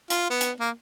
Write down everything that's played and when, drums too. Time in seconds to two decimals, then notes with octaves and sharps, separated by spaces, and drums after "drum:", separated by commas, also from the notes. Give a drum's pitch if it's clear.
0.10 F4, drum: hi-hat
0.30 B3
0.41 drum: hi-hat
0.60 A#3